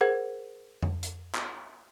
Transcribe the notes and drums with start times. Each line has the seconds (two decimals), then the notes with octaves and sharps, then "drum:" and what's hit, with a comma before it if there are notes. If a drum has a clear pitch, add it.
0.01 G#4 A#4 C5 F#5 G#6
0.83 drum: tom F2
1.03 drum: hi-hat
1.35 drum: clap